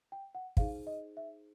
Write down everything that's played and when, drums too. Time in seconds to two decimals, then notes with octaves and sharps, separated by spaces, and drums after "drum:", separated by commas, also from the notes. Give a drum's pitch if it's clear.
0.12 G5
0.35 F#5
0.57 D#4 G#4 C5 F5, drum: kick
0.87 D#5
1.17 E5